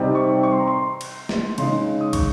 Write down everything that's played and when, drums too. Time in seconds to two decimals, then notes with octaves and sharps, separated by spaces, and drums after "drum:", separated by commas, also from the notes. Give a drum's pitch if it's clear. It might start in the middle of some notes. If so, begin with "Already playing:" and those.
Already playing: C3 G3 C4 D#4
0.15 C#6
0.43 C#6
0.52 C6
0.60 A#5
0.68 C6
1.01 drum: cymbal
1.29 drum: snare
1.58 C#3 G#3 D#4 C6, drum: cymbal
2.01 D#6
2.13 C#6, drum: kick, cymbal